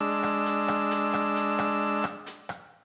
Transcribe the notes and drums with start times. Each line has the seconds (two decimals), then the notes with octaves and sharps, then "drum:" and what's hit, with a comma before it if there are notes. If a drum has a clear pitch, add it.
0.01 G#3 D4 E6
0.23 drum: rim click
0.46 drum: hi-hat
0.68 drum: rim click
0.91 drum: hi-hat
1.13 drum: rim click
1.36 drum: hi-hat
1.59 drum: rim click
2.04 drum: rim click
2.26 drum: hi-hat
2.49 drum: rim click